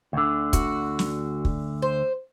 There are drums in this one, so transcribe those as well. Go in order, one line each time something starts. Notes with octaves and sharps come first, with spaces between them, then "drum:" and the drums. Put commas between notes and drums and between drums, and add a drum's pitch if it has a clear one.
D2 D3
F#4, drum: kick, hi-hat
drum: snare
drum: kick
C5